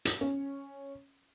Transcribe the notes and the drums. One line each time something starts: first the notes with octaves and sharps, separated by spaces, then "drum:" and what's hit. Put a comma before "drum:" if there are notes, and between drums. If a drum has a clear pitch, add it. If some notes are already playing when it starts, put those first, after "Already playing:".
drum: hi-hat
C#4